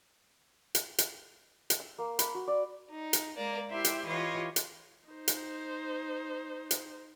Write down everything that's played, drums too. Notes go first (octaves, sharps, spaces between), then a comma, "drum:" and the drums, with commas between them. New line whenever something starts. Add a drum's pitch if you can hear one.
drum: hi-hat
drum: hi-hat
drum: hi-hat
E6
A#3
B5, drum: hi-hat
F#4
D5
D#4
drum: hi-hat
G#3 A#3 D5
E4 G4 C5 E5 G5 C6
drum: hi-hat
E3 F4 G4 B4 C#5 D#5
drum: hi-hat
D#4 C5
drum: hi-hat
drum: hi-hat